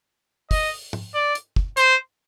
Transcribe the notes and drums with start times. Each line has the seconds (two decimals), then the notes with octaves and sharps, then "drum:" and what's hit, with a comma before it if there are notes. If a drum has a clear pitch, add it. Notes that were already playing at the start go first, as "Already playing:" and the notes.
0.51 D#5, drum: kick, open hi-hat
0.93 drum: tom G#2
1.14 D5
1.35 drum: hi-hat
1.56 drum: kick
1.77 C5, drum: hi-hat